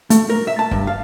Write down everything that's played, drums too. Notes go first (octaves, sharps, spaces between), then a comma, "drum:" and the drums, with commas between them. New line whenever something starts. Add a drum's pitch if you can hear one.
A3, drum: hi-hat
A#4
E5
A5
G2, drum: kick
F5